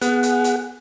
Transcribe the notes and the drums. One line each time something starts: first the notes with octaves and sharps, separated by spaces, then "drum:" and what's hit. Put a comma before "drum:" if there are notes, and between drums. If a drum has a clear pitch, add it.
B3 G#4 F#5, drum: hi-hat
drum: hi-hat
drum: hi-hat